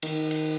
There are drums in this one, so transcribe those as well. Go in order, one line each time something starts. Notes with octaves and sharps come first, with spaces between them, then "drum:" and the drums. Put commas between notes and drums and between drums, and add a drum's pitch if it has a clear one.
D#3, drum: cymbal
drum: cymbal